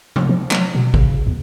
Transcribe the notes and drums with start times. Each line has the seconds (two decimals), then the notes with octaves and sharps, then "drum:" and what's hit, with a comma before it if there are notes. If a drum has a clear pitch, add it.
0.16 F3, drum: tom C3
0.29 F3
0.51 F#3, drum: clap
0.75 B2
0.94 C#3, drum: kick G#1
1.27 E2